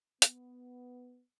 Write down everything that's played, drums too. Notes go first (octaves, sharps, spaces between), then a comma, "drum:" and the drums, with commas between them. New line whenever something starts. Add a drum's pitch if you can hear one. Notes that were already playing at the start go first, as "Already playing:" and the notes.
B3, drum: hi-hat